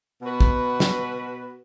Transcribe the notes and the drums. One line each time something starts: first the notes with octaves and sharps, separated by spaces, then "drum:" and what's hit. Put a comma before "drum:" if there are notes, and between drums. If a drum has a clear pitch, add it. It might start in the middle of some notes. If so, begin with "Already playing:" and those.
B2 B3 F#4 B4
drum: kick
drum: snare